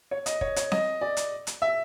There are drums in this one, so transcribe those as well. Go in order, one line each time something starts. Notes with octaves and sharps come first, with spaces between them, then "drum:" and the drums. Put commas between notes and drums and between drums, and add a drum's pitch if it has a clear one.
C#5
D#5, drum: hi-hat
C#5, drum: kick
C#5, drum: hi-hat
D#5, drum: snare C4
D5
drum: hi-hat
drum: hi-hat
E5